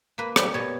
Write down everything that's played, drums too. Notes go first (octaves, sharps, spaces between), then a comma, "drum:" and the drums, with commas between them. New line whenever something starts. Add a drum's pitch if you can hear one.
A#3 B4
G3, drum: rim click
B2 C#5